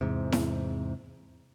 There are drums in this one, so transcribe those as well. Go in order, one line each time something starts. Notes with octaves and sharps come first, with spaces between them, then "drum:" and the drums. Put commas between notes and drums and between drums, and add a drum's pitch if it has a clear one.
E2 G#2 C3
drum: snare E4